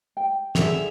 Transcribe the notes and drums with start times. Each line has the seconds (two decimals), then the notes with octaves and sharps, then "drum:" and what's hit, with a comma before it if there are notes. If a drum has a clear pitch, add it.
0.17 G5
0.55 D3 G#4 E5 F7, drum: snare